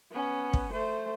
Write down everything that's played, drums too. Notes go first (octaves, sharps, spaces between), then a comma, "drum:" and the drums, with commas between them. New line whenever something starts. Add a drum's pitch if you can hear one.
B3 C#4
drum: kick
A3 C5